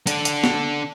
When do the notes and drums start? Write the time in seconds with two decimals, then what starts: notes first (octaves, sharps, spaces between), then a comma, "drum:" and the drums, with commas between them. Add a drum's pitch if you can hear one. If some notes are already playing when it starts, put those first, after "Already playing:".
0.07 D4 A4, drum: hi-hat
0.25 drum: hi-hat
0.44 drum: snare B3